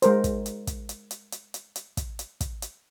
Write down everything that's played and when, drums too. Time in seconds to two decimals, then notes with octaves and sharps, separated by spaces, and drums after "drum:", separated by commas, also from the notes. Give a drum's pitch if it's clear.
0.02 G#3 A#4 C5, drum: hi-hat
0.24 drum: kick, hi-hat
0.46 drum: hi-hat
0.67 drum: kick, hi-hat
0.89 drum: hi-hat
1.11 drum: hi-hat
1.32 drum: hi-hat
1.54 drum: hi-hat
1.76 drum: hi-hat
1.97 drum: kick, hi-hat
2.19 drum: hi-hat
2.41 drum: kick, hi-hat
2.62 drum: hi-hat